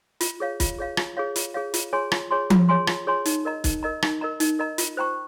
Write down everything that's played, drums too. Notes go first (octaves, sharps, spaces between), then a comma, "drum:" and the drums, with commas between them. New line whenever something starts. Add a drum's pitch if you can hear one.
F4, drum: hi-hat
G#4 C#5 F5
F4, drum: kick, hi-hat
G#4 C#5 F5
F4, drum: rim click
G#4 C#5 F5
F4, drum: hi-hat
G#4 C#5 F5
F4, drum: hi-hat
G#4 C#5 G#5 C6
F4, drum: rim click
G#4 C#5 G#5 C6
F4, drum: tom F3
G#4 C#5 G#5 C6
F4, drum: rim click
G#4 C#5 G#5 C6
D#4, drum: hi-hat
A#4 D#5 A#5
D#4, drum: kick, hi-hat
A#4 D#5 A#5
D#4, drum: rim click
A#4 D#5 A#5
D#4, drum: hi-hat
A#4 D#5 A#5
F4, drum: hi-hat
C5 G5 A#5 C#6